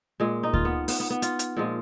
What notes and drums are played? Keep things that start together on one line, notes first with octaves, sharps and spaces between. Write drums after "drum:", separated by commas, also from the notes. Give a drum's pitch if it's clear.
A#2 G#3
D#4
F4, drum: kick D2
B3
B3, drum: open hi-hat
B3
B3
F4, drum: hi-hat
drum: hi-hat
A#2 F3 G#3